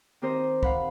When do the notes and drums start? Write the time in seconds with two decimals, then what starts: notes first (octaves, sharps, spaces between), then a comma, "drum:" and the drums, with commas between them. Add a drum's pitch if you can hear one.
0.22 D#3 C4 G4 A#4 C5 D#5
0.63 F5 F#5 B5, drum: kick